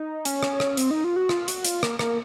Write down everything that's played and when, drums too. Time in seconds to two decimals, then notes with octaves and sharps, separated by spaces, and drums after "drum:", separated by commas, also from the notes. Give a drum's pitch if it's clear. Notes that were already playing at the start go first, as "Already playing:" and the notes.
Already playing: D#4
0.25 C#4, drum: hi-hat
0.43 drum: rim click
0.60 drum: rim click
0.77 C4, drum: hi-hat
0.91 D#4
1.04 F4
1.16 F#4
1.29 F4, drum: rim click
1.48 F#4, drum: hi-hat
1.65 F4, drum: hi-hat
1.83 A#3, drum: rim click
1.99 A#3, drum: rim click